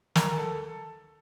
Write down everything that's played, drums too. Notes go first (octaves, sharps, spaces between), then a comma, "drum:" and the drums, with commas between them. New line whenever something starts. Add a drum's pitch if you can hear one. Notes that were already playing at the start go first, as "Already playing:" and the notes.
A#4, drum: snare
A4